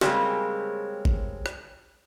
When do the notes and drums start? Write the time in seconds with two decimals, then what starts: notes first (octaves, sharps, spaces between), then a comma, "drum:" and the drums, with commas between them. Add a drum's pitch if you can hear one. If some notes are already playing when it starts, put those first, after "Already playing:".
0.01 C#3 G3 G#3 A#3 C4 C#5, drum: snare
1.05 drum: kick G#1
1.46 drum: rim click